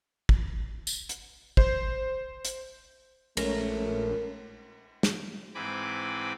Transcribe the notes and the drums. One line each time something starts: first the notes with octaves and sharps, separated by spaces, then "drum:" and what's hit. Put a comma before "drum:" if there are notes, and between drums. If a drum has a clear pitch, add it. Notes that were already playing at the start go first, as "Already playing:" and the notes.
drum: kick
drum: tambourine
drum: hi-hat
C5, drum: kick
drum: hi-hat
A#1 G#3 A3 C#4 A#4 C#5, drum: cymbal
drum: snare
G#2 E3 C4 G#5 B5 D6